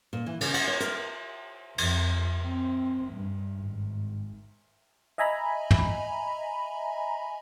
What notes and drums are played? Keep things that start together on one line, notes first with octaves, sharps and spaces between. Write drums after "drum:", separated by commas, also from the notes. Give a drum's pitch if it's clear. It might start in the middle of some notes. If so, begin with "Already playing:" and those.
A#2
E3
C#3, drum: cymbal
F#5, drum: cymbal
C#5
A#4, drum: hi-hat
F2, drum: cymbal
C4
G2
G#1
D#5 E5 G#5 A#5 B5
drum: tom